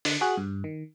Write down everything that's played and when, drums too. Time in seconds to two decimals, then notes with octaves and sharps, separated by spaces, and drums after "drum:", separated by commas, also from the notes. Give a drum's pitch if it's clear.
0.05 D3, drum: open hi-hat
0.21 F#4 G#4 F#6
0.37 G2
0.64 D#3